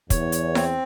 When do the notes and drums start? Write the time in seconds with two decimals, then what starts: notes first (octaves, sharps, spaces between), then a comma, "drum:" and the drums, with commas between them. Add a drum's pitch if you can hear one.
0.10 E2 C#5, drum: kick, hi-hat
0.32 drum: hi-hat
0.55 C4, drum: snare E4